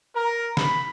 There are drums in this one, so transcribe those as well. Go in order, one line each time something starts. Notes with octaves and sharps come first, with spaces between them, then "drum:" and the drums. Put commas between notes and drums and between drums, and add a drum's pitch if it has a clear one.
A#4
B5, drum: snare D#3